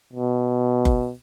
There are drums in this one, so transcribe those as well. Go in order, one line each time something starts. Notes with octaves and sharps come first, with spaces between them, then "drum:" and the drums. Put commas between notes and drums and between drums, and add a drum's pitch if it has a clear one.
B2
drum: kick F#1